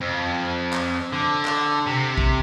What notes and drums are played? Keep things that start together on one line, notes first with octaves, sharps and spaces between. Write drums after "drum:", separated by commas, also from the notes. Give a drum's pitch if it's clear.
F2
drum: clap
D3
drum: clap
C3
drum: kick